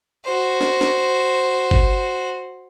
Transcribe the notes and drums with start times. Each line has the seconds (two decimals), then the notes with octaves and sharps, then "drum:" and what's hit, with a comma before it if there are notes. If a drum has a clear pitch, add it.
0.24 F#4 C5
0.61 drum: snare
0.81 drum: snare
1.71 drum: kick